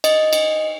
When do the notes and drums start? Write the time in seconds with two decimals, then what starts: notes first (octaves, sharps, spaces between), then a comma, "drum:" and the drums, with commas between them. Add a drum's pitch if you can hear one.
0.04 D#5, drum: cymbal
0.33 drum: cymbal